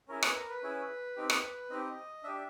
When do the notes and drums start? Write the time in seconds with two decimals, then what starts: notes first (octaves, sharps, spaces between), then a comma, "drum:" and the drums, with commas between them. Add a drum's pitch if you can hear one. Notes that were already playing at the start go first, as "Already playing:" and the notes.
0.08 C#4 E4 G#4 A#4
0.23 B4, drum: rim click
0.36 A#4
0.50 B4
0.63 C#4 E4 G#4
1.16 C4 D#4 G4
1.30 drum: rim click
1.70 C4 D#4 G4 D#5
2.23 D4 G4 E5